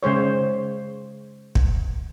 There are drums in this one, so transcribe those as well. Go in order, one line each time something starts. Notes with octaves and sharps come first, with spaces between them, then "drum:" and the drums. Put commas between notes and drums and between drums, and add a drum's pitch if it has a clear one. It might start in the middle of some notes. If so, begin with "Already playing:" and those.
C#3 G#3 C5 C#5
drum: kick